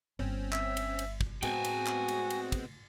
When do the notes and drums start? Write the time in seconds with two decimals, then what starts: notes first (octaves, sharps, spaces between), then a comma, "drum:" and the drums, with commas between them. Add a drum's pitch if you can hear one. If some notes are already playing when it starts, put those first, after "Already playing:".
0.19 G1 C4 C#4
0.52 E5, drum: clap
0.77 drum: cymbal
0.99 drum: cymbal
1.21 drum: kick
1.43 A2 G#3 B3 C4 F#4 G5 G#5, drum: cymbal
1.65 drum: cymbal
1.86 drum: clap
2.08 drum: cymbal
2.30 drum: cymbal
2.52 drum: kick, cymbal